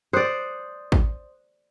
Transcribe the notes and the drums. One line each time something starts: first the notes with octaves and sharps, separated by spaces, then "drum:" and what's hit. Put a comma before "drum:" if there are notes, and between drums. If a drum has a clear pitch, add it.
C5 D5 D#6 F#6 C#7
drum: kick